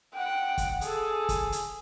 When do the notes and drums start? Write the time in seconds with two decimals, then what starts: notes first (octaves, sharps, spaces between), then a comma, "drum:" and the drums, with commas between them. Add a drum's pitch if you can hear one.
0.14 F#5 G5
0.58 drum: kick, hi-hat
0.81 G#4 A4, drum: hi-hat
1.29 drum: kick, hi-hat
1.52 drum: hi-hat